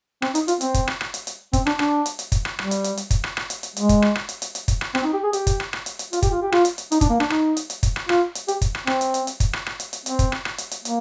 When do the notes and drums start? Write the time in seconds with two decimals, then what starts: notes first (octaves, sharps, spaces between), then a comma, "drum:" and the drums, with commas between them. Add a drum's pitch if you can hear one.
0.22 C4, drum: rim click
0.35 D#4, drum: hi-hat
0.48 F4, drum: hi-hat
0.61 C4, drum: hi-hat
0.74 drum: kick, hi-hat
0.87 drum: rim click
1.01 drum: rim click
1.14 drum: hi-hat
1.27 drum: hi-hat
1.53 C4, drum: kick, hi-hat
1.66 D4, drum: rim click
1.79 D4, drum: rim click
2.06 drum: hi-hat
2.19 drum: hi-hat
2.32 drum: kick, hi-hat
2.45 drum: rim click
2.59 G3, drum: rim click
2.71 drum: hi-hat
2.84 drum: hi-hat
2.97 drum: hi-hat
3.11 drum: kick, hi-hat
3.24 drum: rim click
3.37 drum: rim click
3.50 drum: hi-hat
3.63 drum: hi-hat
3.76 G#3, drum: hi-hat
3.89 drum: kick, hi-hat
4.02 drum: rim click
4.15 drum: rim click
4.29 drum: hi-hat
4.42 drum: hi-hat
4.55 drum: hi-hat
4.68 drum: kick, hi-hat
4.81 drum: rim click
4.95 C4, drum: rim click
5.04 D#4
5.14 G4
5.24 G#4
5.33 G4, drum: hi-hat
5.47 drum: kick, hi-hat
5.60 drum: rim click
5.73 drum: rim click
5.86 drum: hi-hat
5.99 drum: hi-hat
6.13 F4, drum: hi-hat
6.23 G4, drum: kick, hi-hat
6.32 F4
6.42 G4
6.52 F4, drum: rim click
6.65 drum: hi-hat
6.78 drum: hi-hat
6.92 D#4, drum: hi-hat
7.01 D4, drum: kick, hi-hat
7.10 A#3
7.20 D4, drum: rim click
7.30 D#4, drum: rim click
7.57 drum: hi-hat
7.70 drum: hi-hat
7.83 drum: kick, hi-hat
7.96 drum: rim click
8.09 F4, drum: rim click
8.35 drum: hi-hat
8.48 G4, drum: hi-hat
8.61 drum: kick, hi-hat
8.75 drum: rim click
8.87 C4, drum: rim click
9.01 drum: hi-hat
9.14 drum: hi-hat
9.27 drum: hi-hat
9.40 drum: kick, hi-hat
9.53 drum: rim click
9.66 drum: rim click
9.80 drum: hi-hat
9.93 drum: hi-hat
10.06 C4, drum: hi-hat
10.19 drum: kick, hi-hat
10.32 drum: rim click
10.45 drum: rim click
10.58 drum: hi-hat
10.71 drum: hi-hat
10.85 A#3, drum: hi-hat